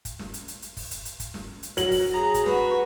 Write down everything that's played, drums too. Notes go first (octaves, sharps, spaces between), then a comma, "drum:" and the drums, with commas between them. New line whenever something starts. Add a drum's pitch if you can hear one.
drum: kick, hi-hat
drum: snare
drum: hi-hat
drum: hi-hat
drum: hi-hat
drum: kick, open hi-hat
drum: hi-hat
drum: hi-hat
drum: kick, hi-hat
drum: snare
drum: hi-hat
F#3 F#7, drum: hi-hat
drum: kick, open hi-hat
G#4 A#5
drum: kick, hi-hat
F#4 B4, drum: snare